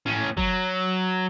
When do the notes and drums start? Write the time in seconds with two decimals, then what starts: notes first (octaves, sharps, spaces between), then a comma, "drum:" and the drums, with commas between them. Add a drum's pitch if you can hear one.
0.06 A2 C#4
0.37 F#3, drum: kick